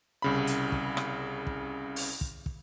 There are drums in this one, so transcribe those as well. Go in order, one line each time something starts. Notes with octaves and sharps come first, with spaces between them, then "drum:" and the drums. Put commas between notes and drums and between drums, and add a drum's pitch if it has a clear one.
C2 C#3 B5
drum: hi-hat
drum: kick
drum: rim click
drum: kick
drum: open hi-hat
drum: kick
drum: kick